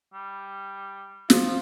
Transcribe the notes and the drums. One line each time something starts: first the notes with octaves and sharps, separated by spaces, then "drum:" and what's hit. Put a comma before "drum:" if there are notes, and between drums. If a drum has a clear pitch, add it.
G3
F3, drum: snare